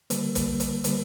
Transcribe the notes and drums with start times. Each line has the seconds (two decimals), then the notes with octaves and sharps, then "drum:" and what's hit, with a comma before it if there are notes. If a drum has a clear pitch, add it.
0.10 D3 G3 A#3, drum: hi-hat
0.35 drum: kick, hi-hat
0.60 drum: hi-hat
0.84 D3 G3 A#3, drum: hi-hat